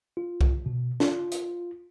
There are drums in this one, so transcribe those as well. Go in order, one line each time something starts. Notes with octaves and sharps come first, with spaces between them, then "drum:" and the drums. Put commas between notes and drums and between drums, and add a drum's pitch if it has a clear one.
F4
drum: kick C2
B2
F4, drum: snare
drum: hi-hat